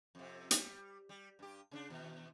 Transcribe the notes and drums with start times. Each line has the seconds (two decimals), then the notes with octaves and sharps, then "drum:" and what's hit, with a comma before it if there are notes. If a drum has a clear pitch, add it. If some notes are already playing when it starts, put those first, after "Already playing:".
0.15 F2 C3
0.51 G3, drum: hi-hat
1.09 G3
1.39 G2 G4
1.71 C#3 C#4 D4
1.90 D#2 B2